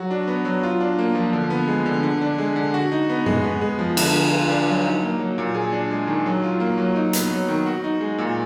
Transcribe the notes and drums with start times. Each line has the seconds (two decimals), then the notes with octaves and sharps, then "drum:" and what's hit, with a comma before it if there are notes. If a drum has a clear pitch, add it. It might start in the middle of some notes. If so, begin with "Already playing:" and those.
Already playing: F#3 F#4
0.11 D4
0.27 B3
0.45 F#3
0.63 F4
0.80 D4
0.99 A#3
1.15 F3
1.33 D3
1.50 B3
1.68 G#3
1.86 D3
2.03 D3
2.21 D4
2.38 G#3
2.56 D3
2.74 F#4
2.92 D#4
3.10 B3
3.26 G#3, drum: tom F#2
3.44 B3
3.61 G#3
3.79 F3
3.97 D3, drum: cymbal
4.14 G#4
4.32 F4
4.49 D4
4.67 F#3
4.84 D#4
5.02 A#3
5.19 F#3
5.38 A#2
5.54 G#4
5.73 D4
5.90 G#3
6.07 D#3
6.26 F#3
6.44 F4
6.60 A#3
6.78 F#3
6.96 D#4
7.13 B3, drum: hi-hat
7.31 F#3
7.48 D#3
7.66 F#4
7.84 D#4
8.01 G#3
8.18 A#2